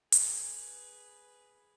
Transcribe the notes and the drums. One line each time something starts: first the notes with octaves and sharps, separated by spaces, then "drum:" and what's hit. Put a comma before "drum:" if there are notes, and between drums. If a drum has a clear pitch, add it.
G#4 B4, drum: hi-hat